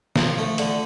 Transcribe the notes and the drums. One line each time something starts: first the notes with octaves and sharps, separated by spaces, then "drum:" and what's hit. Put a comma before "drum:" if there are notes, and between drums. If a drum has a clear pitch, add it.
F3, drum: snare
A3
D3, drum: hi-hat